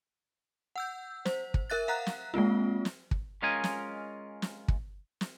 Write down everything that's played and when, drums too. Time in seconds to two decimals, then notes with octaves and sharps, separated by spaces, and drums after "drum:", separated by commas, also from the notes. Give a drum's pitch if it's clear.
0.76 F#5 E6 G6
1.25 C5, drum: snare
1.54 drum: kick
1.70 A#4 E5 F#6 A6
1.88 F5 F#5 A#5 F#6
2.06 drum: snare
2.34 G#3 A#3 C4 F4
2.85 drum: snare
3.11 drum: kick
3.42 G#3 C#4 F4 A#4 D#5 G#5
3.64 drum: snare
4.42 drum: snare
4.68 drum: kick
5.21 drum: snare